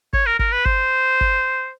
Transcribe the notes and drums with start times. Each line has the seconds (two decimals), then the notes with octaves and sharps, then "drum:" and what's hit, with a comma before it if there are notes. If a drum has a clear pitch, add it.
0.13 C#5, drum: kick G#1
0.26 A#4
0.39 A#4, drum: kick G#1
0.52 B4
0.65 C5, drum: kick G#1
1.21 drum: kick G#1